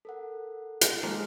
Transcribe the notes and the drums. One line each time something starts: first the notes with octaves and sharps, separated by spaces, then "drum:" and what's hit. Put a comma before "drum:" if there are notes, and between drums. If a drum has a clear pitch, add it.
A4 A#4 F#5
drum: hi-hat
D#3 F3 G#3 A#3 F6